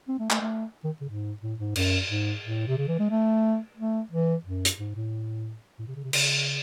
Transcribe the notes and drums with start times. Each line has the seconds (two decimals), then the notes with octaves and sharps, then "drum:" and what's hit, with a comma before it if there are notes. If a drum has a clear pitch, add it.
0.09 C4
0.19 A3
0.30 A3, drum: clap
0.41 A3
0.84 D#3
1.01 C#3
1.09 G#2
1.42 A2
1.59 G#2
1.76 F#2, drum: cymbal
2.10 G#2
2.43 A2
2.68 C3
2.78 C#3
2.88 E3
2.99 G#3
3.10 A3
3.77 A3
4.12 E3
4.45 F#2
4.65 drum: hi-hat
4.79 G#2
4.96 A2
5.79 A2
5.87 C3
5.96 C#3
6.04 C3
6.13 C#3, drum: cymbal